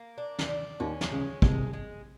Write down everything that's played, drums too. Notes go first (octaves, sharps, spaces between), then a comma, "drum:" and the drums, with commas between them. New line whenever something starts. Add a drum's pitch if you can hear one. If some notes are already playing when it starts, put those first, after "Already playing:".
Already playing: A#3
D4
drum: snare
D4
D#2 D#3 C#4
drum: snare
C#2 C#3 G#3
C2 C3 G#3, drum: kick
G#3